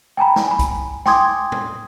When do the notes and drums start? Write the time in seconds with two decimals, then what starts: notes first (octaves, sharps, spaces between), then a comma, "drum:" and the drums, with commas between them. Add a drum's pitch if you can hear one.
0.17 G5 G#5 A#5 B5
0.36 drum: snare
0.48 G#5 B5
0.59 drum: kick B1, hi-hat
1.06 G5 G#5 C6 D6 D#6 G#6, drum: snare
1.52 drum: tom